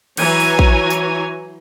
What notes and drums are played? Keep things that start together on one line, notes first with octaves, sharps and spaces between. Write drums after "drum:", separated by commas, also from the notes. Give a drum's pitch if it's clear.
E3 F#3 C#5 G#5 A#5, drum: cymbal
drum: open hi-hat
drum: kick A#1
drum: tambourine